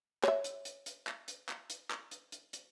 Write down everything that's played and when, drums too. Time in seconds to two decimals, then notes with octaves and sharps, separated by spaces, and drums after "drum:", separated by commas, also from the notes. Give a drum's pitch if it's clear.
0.23 C#5 E5, drum: clap
0.44 drum: hi-hat
0.65 drum: hi-hat
0.86 drum: hi-hat
1.07 drum: clap
1.28 drum: hi-hat
1.49 drum: clap
1.70 drum: hi-hat
1.91 drum: clap
2.11 drum: hi-hat
2.32 drum: hi-hat
2.53 drum: hi-hat